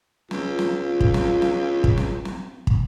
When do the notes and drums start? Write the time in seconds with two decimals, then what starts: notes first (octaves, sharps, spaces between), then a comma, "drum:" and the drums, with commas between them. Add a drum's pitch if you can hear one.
0.31 C#2 F4, drum: snare
0.59 drum: snare
1.00 drum: kick
1.14 drum: snare
1.42 drum: snare
1.84 drum: kick
1.98 drum: snare
2.25 drum: snare
2.67 drum: kick